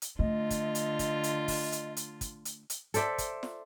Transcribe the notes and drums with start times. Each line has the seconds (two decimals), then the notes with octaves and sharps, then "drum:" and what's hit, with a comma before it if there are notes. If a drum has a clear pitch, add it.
0.02 drum: hi-hat
0.19 D3 A3 F4 D#5
0.50 drum: kick, hi-hat
0.75 drum: hi-hat
0.99 drum: kick, hi-hat
1.24 drum: hi-hat
1.48 drum: kick, open hi-hat
1.72 drum: hi-hat
1.97 drum: hi-hat
2.21 drum: kick, hi-hat
2.45 drum: hi-hat
2.70 drum: hi-hat
2.94 A4 C5 D5 E5, drum: hi-hat
3.18 drum: kick, hi-hat
3.43 drum: snare